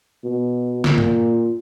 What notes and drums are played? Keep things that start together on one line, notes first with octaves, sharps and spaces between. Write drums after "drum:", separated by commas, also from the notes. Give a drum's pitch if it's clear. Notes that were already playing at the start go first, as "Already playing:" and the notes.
B2
A#2, drum: snare
drum: tom G2